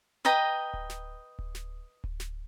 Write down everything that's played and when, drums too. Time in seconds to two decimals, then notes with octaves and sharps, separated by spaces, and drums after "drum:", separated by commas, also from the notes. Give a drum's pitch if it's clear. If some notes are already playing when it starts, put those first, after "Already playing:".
0.25 B4 D#5 G5 A#5, drum: snare
0.74 drum: kick D1
0.90 drum: snare
1.39 drum: kick D1
1.55 drum: snare
2.04 drum: kick D1
2.20 drum: snare